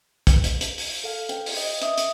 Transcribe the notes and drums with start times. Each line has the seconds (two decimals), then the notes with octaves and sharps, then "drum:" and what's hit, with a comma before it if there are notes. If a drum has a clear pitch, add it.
0.27 drum: kick, hi-hat
0.44 drum: hi-hat
0.61 drum: hi-hat
0.78 drum: open hi-hat
1.04 A4 F5
1.29 G5, drum: hi-hat
1.46 drum: open hi-hat
1.57 D#5
1.82 E5 D#6, drum: hi-hat
1.98 drum: hi-hat